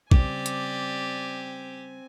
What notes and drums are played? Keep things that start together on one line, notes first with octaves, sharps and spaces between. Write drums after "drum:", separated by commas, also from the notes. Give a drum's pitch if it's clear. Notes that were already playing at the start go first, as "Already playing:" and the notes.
C#3 G3 C4 G4 D5 G#5, drum: kick
drum: hi-hat